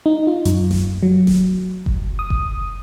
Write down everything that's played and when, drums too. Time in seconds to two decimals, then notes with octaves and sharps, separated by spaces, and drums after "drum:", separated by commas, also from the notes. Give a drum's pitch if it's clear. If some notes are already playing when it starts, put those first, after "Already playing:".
0.06 D#4
0.27 F4
0.45 F#2, drum: hi-hat
0.71 drum: snare D#1
1.03 F#3
1.27 drum: snare D#1
1.86 drum: kick F#1
2.19 D#6
2.30 drum: kick F#1